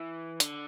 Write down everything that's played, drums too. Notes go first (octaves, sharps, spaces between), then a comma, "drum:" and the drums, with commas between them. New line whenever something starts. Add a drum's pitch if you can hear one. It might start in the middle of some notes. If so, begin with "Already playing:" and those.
Already playing: E3
D3, drum: hi-hat